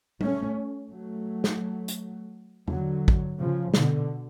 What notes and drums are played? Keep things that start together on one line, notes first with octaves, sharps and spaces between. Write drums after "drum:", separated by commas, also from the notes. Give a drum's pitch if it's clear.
A3 C#4, drum: tom G3
F#3 A3
drum: snare
drum: hi-hat
D3 F#3, drum: tom E2
drum: kick
C#3 F3
B2 D3, drum: snare